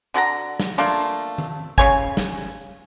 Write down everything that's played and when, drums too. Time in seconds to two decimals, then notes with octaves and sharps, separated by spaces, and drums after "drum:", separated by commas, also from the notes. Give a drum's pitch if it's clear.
0.14 D3 F#4 A5 A#5
0.60 drum: snare
0.78 A3 A#3 D4 F4
1.38 drum: tom D#3
1.78 C#3 C#5 G#5, drum: kick
2.17 drum: snare